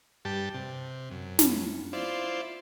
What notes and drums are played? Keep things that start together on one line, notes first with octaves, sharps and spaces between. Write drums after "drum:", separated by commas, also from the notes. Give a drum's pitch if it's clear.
G2 G4 A5
C3
F#2
drum: snare
E4 F4 C5 D5